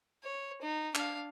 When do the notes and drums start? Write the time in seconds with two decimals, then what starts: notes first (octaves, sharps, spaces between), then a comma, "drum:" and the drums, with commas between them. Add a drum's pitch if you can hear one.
0.23 C#5
0.62 D#4
0.95 D4 F5, drum: clap